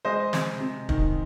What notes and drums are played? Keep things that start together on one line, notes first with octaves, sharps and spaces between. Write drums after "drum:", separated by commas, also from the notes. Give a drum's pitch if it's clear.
G#3 C5 D#5
C3, drum: snare
C3
D#3, drum: kick